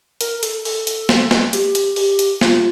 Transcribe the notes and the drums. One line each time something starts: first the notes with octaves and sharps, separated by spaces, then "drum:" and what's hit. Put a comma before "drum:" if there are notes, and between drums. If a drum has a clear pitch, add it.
A#4, drum: hi-hat
A#4
A4, drum: hi-hat
A4, drum: open hi-hat
drum: hi-hat
drum: snare
drum: snare
G4, drum: hi-hat
drum: hi-hat
G4, drum: open hi-hat
drum: hi-hat
F4, drum: snare